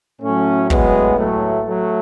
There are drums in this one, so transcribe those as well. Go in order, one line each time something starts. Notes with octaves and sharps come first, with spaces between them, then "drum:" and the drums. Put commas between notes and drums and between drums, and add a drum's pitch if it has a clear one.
A2 F#3 A3 C#4
G#3 B3, drum: kick
F#3 A3
F#3 A3